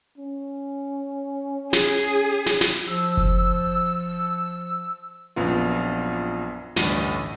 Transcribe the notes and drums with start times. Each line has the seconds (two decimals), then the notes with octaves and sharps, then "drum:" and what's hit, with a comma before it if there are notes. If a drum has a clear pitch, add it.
0.18 C#4
1.73 G#4, drum: snare
2.46 drum: snare
2.61 drum: snare
2.86 F3 E6, drum: hi-hat
3.17 drum: kick F#1
5.36 A#1 F#2 B3 F4
6.76 A1 D2 G2 D#7, drum: snare